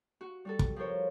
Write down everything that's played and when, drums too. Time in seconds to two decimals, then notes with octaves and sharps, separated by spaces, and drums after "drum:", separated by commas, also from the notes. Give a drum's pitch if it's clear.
0.21 F#4
0.45 G3 F#4 A4
0.59 drum: kick
0.76 F3 A4 A#4 C5 C#5